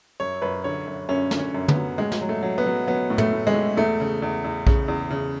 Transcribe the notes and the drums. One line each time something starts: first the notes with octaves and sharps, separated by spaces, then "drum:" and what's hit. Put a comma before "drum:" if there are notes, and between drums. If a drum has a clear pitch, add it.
F#2 C#5
F#2 B4
D3 C#5
F#2
F#2 C#4
D3, drum: snare
C#4
F#2
B3, drum: tom
F#3
A2 G#3
drum: snare
F#3
A3
F#3
B3
F#3
F#3 B3
A2
A3, drum: tom
A2
G#3
A2
E2 A3
C#3
E2
E2
C#3, drum: kick A#1
E2
C#3